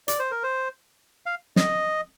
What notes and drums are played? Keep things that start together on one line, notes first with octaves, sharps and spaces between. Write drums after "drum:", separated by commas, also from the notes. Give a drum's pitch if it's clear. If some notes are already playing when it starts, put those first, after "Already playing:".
D5, drum: hi-hat
C5
A#4
C5
F5
D#5, drum: snare